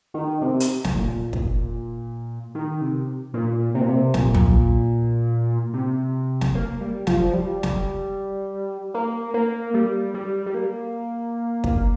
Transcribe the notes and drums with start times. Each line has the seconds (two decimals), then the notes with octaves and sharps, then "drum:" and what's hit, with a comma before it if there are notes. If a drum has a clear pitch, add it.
0.14 D#3
0.41 C3
0.60 drum: hi-hat
0.85 drum: snare
0.95 A#2
1.33 drum: kick
2.55 D#3
2.81 C3
3.34 A#2
3.75 C3
3.81 A#2
3.89 C3
4.14 A#2, drum: snare
4.35 drum: tom
5.73 C3
6.41 drum: snare
6.55 A#3
6.81 G3
7.07 F3, drum: snare
7.34 G3
7.63 drum: snare
8.94 A#3
9.34 A#3
9.74 G3
10.14 G3
10.46 G3
10.54 A#3
11.64 drum: kick